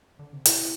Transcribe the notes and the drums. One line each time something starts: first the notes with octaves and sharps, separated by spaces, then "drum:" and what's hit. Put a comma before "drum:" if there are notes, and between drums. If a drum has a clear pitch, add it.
D3
C3
B2 E4, drum: hi-hat